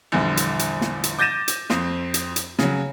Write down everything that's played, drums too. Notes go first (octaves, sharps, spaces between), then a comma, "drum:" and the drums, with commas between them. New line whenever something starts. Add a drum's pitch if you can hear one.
A#1 E2 D3 G3
drum: hi-hat
drum: hi-hat
drum: snare
drum: hi-hat
D6 G6 A6 A#6 D#7 E7
drum: hi-hat
F2 C4, drum: snare
drum: hi-hat
drum: hi-hat
C#3 F#3, drum: snare